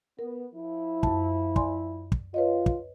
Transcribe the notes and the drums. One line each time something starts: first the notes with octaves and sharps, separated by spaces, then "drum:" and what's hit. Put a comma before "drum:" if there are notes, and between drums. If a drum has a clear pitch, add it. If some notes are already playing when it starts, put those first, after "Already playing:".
B3 A#4
F3 E4
F#2 A5, drum: kick
D5 G#5 C6, drum: kick
drum: kick
F4 B4 C#5 D#5
drum: kick